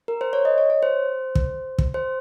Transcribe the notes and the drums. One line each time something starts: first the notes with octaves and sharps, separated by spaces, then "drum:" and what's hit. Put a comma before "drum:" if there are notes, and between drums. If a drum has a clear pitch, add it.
A#4
C5
C#5
D#5
C#5
C#5
C5
drum: kick
drum: kick
C5